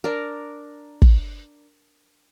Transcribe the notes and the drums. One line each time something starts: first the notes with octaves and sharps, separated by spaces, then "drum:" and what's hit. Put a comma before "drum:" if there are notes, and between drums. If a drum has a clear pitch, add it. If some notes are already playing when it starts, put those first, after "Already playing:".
D4 A#4
drum: kick